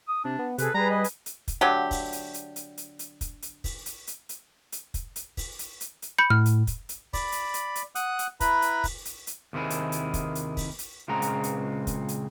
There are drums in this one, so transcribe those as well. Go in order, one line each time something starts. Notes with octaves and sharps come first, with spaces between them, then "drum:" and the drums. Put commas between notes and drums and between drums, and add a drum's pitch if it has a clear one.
D#6
C3 D4
B3
C3 G#4 A4 B4, drum: hi-hat
G3 G#4 B4 A#5
D#5
drum: hi-hat
drum: hi-hat
drum: kick, hi-hat
D3 F#3 A3 G4
drum: kick, open hi-hat
drum: hi-hat
drum: hi-hat
drum: hi-hat
drum: hi-hat
drum: hi-hat
drum: kick, hi-hat
drum: hi-hat
drum: kick, open hi-hat
drum: hi-hat
drum: hi-hat
drum: hi-hat
drum: hi-hat
drum: kick, hi-hat
drum: hi-hat
drum: kick, open hi-hat
drum: hi-hat
drum: hi-hat
drum: hi-hat
B5 G6 C#7
A2 F6
drum: hi-hat
drum: kick, hi-hat
drum: hi-hat
D5 B5, drum: kick, open hi-hat
drum: hi-hat
drum: hi-hat
drum: hi-hat
F#5 D#6 F#6, drum: hi-hat
drum: hi-hat
E4 B4 A#5 B5, drum: kick, hi-hat
drum: hi-hat
drum: kick, open hi-hat
drum: hi-hat
drum: hi-hat
D#2 C3 D#3 E4 G#4
drum: hi-hat
drum: hi-hat
drum: kick, hi-hat
drum: hi-hat
drum: kick, open hi-hat
drum: hi-hat
C#2 A#2 C#3 G#3 C4 A#5
drum: hi-hat
drum: hi-hat
drum: kick, hi-hat
drum: hi-hat